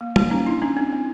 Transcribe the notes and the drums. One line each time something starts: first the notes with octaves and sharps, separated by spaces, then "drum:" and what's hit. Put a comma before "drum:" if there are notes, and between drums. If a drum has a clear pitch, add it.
A#3
A#3, drum: tom
C#4 D#4
D4 E4
C#4 D#4
C4 D4
C4